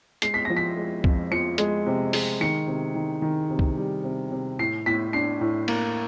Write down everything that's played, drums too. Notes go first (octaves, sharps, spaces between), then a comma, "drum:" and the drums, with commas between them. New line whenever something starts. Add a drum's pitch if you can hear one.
G#3 C7, drum: hi-hat
B6
F3 A#6
B6
G#3
F2, drum: kick C2
F3 C#7
G#3, drum: hi-hat
C3
G#3, drum: open hi-hat
D#3 C#7
C3
D#3
D#3
C3
drum: kick C2
G3
C3
C3
A2 C7
A2 B6
D4 C7
A2
A#3, drum: cymbal